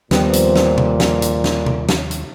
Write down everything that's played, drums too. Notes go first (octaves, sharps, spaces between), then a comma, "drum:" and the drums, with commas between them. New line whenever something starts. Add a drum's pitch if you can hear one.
D#2 A#2 F3 G3 B3 C4, drum: snare
drum: hi-hat
drum: snare
drum: tom C3
drum: snare
drum: hi-hat
drum: snare
drum: tom C3
drum: snare
drum: hi-hat